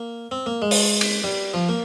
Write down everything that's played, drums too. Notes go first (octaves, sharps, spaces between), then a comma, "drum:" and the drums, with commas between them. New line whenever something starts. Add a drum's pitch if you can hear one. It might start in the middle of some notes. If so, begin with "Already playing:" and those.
Already playing: A#3
C4
A#3
G#3
drum: open hi-hat
drum: cymbal
G3
F3
A#3